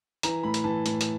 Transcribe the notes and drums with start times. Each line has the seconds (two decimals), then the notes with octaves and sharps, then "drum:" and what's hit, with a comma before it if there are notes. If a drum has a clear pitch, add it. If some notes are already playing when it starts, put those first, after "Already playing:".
0.23 E3 A#5, drum: hi-hat
0.43 A2 B5
0.54 drum: hi-hat
0.64 E3 A5
0.86 A2, drum: hi-hat
1.01 drum: hi-hat